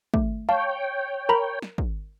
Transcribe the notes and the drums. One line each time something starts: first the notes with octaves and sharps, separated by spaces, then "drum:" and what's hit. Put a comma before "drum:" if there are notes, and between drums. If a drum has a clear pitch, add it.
A3, drum: kick
C#5 F5 G5 A5
A#4 A#5 B5
drum: snare
drum: kick